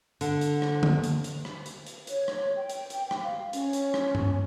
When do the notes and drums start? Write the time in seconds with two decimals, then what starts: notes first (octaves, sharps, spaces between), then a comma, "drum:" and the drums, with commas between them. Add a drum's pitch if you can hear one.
0.21 D3, drum: hi-hat
0.41 drum: hi-hat
0.62 drum: rim click
0.83 drum: tom D3
1.04 drum: hi-hat
1.24 drum: hi-hat
1.45 drum: rim click
1.66 drum: hi-hat
1.87 drum: hi-hat
2.07 C#5, drum: hi-hat
2.28 drum: rim click
2.56 G5
2.69 drum: hi-hat
2.90 drum: hi-hat
3.11 drum: rim click
3.23 F5
3.53 C#4, drum: hi-hat
3.73 drum: hi-hat
3.94 drum: rim click
4.15 drum: tom G2